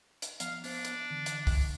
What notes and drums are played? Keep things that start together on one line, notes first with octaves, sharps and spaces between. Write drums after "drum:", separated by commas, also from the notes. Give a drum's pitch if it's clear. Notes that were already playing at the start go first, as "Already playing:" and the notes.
drum: hi-hat
F3 B3 F5, drum: hi-hat
B3 D4 C5, drum: open hi-hat
drum: hi-hat
D3 E3
drum: hi-hat
drum: kick, open hi-hat